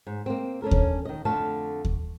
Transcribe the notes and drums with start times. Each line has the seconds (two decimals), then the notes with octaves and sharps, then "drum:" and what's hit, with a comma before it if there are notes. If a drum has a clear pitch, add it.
0.07 G#2
0.26 A#3 C4
0.62 C#4 D4 A4 A#4
0.71 drum: kick D#2
1.05 D#3 D#5
1.25 F2 D3 A3 A4 F5 A5
1.85 drum: kick D#2